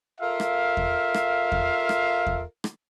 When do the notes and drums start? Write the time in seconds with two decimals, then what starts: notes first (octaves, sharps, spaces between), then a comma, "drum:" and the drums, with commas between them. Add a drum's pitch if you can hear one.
0.21 F4 A4 A#4 E5 F5
0.40 drum: rim click
0.77 drum: kick E2
1.14 drum: rim click
1.52 drum: kick E2
1.89 drum: rim click
2.27 drum: kick E2
2.64 drum: rim click